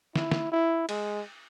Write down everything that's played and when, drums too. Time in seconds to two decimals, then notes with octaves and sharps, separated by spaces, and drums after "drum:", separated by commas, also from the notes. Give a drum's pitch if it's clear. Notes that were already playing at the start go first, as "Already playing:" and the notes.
0.16 E4, drum: snare
0.32 drum: snare
0.52 E4
0.89 G#3, drum: cymbal